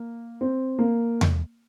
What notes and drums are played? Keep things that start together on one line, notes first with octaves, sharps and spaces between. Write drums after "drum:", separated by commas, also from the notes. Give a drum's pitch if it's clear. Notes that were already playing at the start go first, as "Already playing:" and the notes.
Already playing: A#3
C4
A#3
drum: tom E2